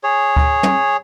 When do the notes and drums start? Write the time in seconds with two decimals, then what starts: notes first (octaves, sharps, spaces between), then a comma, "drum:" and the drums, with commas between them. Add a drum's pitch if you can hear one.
0.04 G#4 C#5
0.37 drum: kick D2
0.63 drum: tom